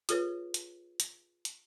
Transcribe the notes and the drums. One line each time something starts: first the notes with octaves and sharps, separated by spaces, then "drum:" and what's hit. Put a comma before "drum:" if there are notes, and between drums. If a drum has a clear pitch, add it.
F4 G#4 A4 B4 C#5, drum: hi-hat
drum: hi-hat
drum: hi-hat
drum: hi-hat